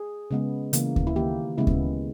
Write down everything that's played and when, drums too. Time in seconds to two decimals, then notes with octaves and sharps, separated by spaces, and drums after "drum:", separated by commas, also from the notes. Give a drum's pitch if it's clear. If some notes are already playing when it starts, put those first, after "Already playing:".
Already playing: G#4
0.31 C#3 G#3 B3
0.73 C#3 E3 A#3, drum: hi-hat
0.96 drum: kick D2
1.07 E4
1.16 D#3 A#3 G4
1.58 C#3 G#3 B3 E4
1.67 drum: kick D2